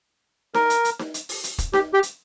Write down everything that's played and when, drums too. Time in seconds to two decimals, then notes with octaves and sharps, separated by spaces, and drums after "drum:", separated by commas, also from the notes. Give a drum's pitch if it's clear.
0.54 A#4, drum: snare D#4
0.70 drum: hi-hat
0.85 drum: hi-hat
0.99 drum: snare D#4
1.14 drum: hi-hat
1.29 drum: open hi-hat
1.44 drum: hi-hat
1.58 drum: kick, hi-hat
1.73 G4, drum: snare D#4
1.93 G4
2.03 drum: hi-hat